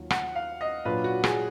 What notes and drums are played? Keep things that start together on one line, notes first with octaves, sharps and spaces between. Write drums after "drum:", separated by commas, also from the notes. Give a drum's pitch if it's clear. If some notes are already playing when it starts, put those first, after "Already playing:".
Already playing: D#2 F#3 F4
F#5, drum: rim click
F5
D#5
A#2 F#3 D4 F4 B4
F#4
G#4, drum: rim click